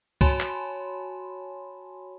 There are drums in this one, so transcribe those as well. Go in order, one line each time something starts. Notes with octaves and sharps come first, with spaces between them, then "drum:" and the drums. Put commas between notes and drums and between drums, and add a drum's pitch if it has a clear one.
F#4 C#5 G#5 A5 B5 C6, drum: kick
drum: clap